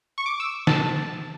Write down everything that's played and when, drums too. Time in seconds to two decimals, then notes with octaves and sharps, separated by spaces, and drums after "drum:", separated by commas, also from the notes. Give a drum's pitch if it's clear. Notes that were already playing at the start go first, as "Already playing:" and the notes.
0.18 C#6
0.26 D6
0.40 E6
0.67 A5, drum: snare